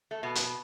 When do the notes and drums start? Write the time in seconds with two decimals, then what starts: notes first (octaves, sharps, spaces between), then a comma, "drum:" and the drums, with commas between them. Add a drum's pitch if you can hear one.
0.11 A3
0.23 B2 B3
0.35 drum: hi-hat